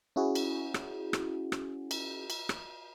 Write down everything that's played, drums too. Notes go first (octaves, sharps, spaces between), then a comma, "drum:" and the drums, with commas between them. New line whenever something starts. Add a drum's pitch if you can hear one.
C#4 E4 F#4 G#4
drum: cymbal
drum: rim click
drum: rim click
drum: rim click
drum: cymbal
drum: cymbal
drum: rim click